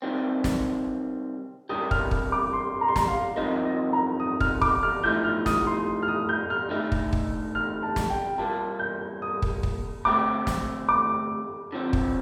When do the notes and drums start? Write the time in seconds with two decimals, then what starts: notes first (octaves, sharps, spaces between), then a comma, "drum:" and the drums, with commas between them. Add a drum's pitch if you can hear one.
0.02 C3 D#3 G3 C4
0.44 drum: snare
1.69 C3 G3 D4 G4 A#4 D#6
1.91 F6, drum: kick
2.11 drum: kick
2.32 D6
2.53 C6
2.81 A#5
2.88 C6
2.96 A#5, drum: snare
3.08 F5
3.36 G2 F3 C4 D#4 A#4 D#5
3.65 D#5
3.93 A#5
4.20 D#6
4.40 F6, drum: kick
4.61 D6, drum: kick
4.83 F6
5.03 A2 F3 A3 D#4 G6
5.24 F6
5.46 D#6, drum: snare
5.67 C6
6.02 F6
6.08 D#6
6.29 G6
6.50 F6
6.70 D3 A3 D#4
6.92 drum: kick
7.13 drum: kick
7.55 F6
7.83 A5
7.96 drum: snare
8.10 G5
8.38 C2 A#2 G3 A#3 A5
8.79 G6
9.22 D#6
9.42 drum: kick
9.63 drum: kick
10.05 D2 D3 A3 C4 G4 D6
10.47 drum: snare
10.89 D6
11.72 D3 F3 C4
11.93 drum: kick